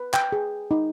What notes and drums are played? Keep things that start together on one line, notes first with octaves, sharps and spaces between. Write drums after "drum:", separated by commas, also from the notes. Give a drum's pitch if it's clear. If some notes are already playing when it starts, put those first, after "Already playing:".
Already playing: B4
G5, drum: clap
G#4
D#4